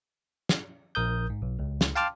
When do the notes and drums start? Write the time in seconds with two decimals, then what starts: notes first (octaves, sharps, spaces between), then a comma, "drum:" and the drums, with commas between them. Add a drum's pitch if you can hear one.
0.49 drum: snare
0.95 A#1 A#4 D#6 G6
1.30 G#2
1.42 B1
1.59 C#2
1.81 drum: snare
1.95 F5 G5 A5 C6 D6 F6